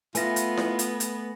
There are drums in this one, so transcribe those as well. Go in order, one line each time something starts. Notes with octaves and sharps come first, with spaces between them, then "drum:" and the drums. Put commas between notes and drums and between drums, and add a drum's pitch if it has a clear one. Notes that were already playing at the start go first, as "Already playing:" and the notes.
A3 B3 F4 B4 E5 G#5 A#6, drum: hi-hat
drum: hi-hat
drum: snare E4
drum: hi-hat
drum: hi-hat